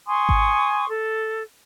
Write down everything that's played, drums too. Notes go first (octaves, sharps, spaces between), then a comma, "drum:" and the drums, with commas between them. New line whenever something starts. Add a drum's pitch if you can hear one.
G#5 C6 C#6 D#6
drum: kick G#1
A4